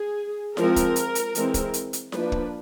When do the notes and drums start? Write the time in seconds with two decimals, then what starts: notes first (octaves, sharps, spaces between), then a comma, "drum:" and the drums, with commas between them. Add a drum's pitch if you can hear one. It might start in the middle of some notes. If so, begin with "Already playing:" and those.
Already playing: G#4
0.57 F3 G#3 C4 A#4, drum: snare E4
0.76 drum: kick, hi-hat
0.96 drum: hi-hat
1.15 drum: hi-hat
1.35 E3 G#3 C4, drum: hi-hat
1.54 drum: kick, hi-hat
1.74 drum: hi-hat
1.93 drum: hi-hat
2.12 F3 A#3 D4 B4, drum: snare E4
2.32 drum: kick